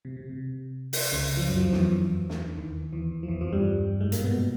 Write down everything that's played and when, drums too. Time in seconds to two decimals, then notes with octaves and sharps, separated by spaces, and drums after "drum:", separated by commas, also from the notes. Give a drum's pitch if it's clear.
0.05 C3
0.17 C3
0.29 C3
0.93 drum: open hi-hat
1.12 C#2 C#3
1.37 F3
1.48 F#2 F#3
1.60 F2 F3
1.72 E2 E3, drum: snare
2.30 drum: snare
2.56 D#2 D#3
2.93 E2 E3
3.23 F3
3.28 E2 E3
3.41 F2 F3
3.53 G2 G3
4.01 G#2 G#3
4.12 A#2 A#3, drum: hi-hat
4.24 B2 B3